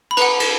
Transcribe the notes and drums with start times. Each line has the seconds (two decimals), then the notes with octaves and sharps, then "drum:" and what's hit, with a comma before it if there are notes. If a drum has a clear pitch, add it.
0.11 B5
0.17 B4 F#5 A#5, drum: cymbal
0.40 drum: cymbal